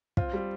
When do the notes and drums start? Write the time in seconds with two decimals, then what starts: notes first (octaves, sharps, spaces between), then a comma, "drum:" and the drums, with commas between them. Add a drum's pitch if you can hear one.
0.17 C4 F4, drum: kick
0.33 G3